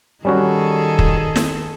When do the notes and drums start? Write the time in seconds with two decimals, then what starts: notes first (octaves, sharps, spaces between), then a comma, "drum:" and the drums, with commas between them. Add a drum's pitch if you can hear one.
0.25 D#3 G3 C#4 F#4 G#4 A4
0.99 drum: kick
1.36 drum: snare